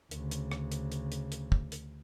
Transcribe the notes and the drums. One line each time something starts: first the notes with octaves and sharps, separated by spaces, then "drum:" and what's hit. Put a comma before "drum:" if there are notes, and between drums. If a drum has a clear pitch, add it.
D2 C#3, drum: hi-hat
drum: hi-hat
drum: rim click
drum: hi-hat
drum: hi-hat
drum: hi-hat
drum: hi-hat
drum: kick
drum: hi-hat